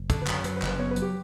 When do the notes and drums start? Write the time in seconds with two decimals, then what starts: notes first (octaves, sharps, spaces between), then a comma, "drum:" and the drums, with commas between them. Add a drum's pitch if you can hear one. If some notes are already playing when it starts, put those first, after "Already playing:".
Already playing: F#1
0.10 D3 A4, drum: kick, hi-hat
0.22 B4
0.27 F#2, drum: clap
0.33 C#5
0.44 F#3 B4, drum: hi-hat
0.56 B4
0.62 F#1, drum: clap
0.68 B4
0.79 B3 C#5
0.91 B4
0.96 F#3, drum: hi-hat
1.02 G4